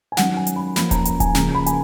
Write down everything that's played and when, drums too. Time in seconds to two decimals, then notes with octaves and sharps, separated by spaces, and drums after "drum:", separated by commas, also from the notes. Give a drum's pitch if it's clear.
0.12 G#5
0.17 D#3 F#3 C#4 F#5, drum: snare
0.37 G#5
0.47 drum: hi-hat
0.56 B5
0.76 F3 A#3 C#4 B5, drum: snare
0.91 A#5, drum: kick D#1, hi-hat
1.05 A#5, drum: hi-hat
1.20 G#5, drum: kick D#1, hi-hat
1.35 C#3 F3 A#3 A#5, drum: snare
1.55 B5
1.66 G#5, drum: hi-hat